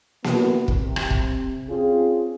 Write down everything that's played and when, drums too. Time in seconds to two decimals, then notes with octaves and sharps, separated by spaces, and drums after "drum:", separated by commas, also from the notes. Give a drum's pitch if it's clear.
0.24 D#3 B3 E4 F#4, drum: snare A#3
0.68 C3, drum: kick
0.96 drum: rim click
1.10 drum: kick
1.68 C4 C#4 F4 G#4